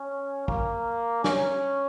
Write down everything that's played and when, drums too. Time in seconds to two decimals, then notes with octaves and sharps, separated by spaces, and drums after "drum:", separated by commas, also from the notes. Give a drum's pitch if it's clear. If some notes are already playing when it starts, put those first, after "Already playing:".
Already playing: C#4
0.48 A#3, drum: kick
1.24 C#4, drum: snare